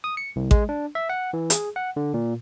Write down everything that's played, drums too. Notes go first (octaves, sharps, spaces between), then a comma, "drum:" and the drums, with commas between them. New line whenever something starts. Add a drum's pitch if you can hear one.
D#6
C#7
C2
G#3, drum: kick A1
D4
E5
F#5
E3
G#4, drum: hi-hat
F#5
D3
A#2